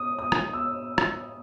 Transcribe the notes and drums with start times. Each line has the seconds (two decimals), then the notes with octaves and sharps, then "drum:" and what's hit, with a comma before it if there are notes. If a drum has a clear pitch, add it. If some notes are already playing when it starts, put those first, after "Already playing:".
Already playing: D#6
0.19 D#6
0.32 drum: rim click
0.54 E6
0.98 drum: rim click